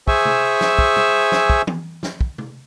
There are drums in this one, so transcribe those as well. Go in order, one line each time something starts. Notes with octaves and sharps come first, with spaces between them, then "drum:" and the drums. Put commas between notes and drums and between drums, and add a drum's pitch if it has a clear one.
G#4 C5 E5 G#5 C#6 E6, drum: kick
drum: tom C3
drum: snare
drum: kick
drum: tom
drum: snare
drum: kick
drum: tom E3
drum: snare
drum: kick
drum: tom C3